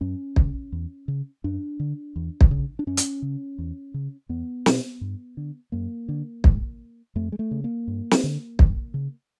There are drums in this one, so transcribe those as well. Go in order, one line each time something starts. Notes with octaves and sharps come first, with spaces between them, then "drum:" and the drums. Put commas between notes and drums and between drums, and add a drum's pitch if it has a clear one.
F#2 C#4
C#3, drum: kick
E2
C#3
F#2 D4
D3
E2
drum: kick
C#3
D4
F#2 C#4
drum: hi-hat
C#3
E2
C#3
E2 B3
B2, drum: snare
G2
D3
F#2 A#3
D3
G#2, drum: kick
F2 A3
G#3
A3
C#3
A#3
G2
drum: snare
D3
F#2, drum: kick
C#3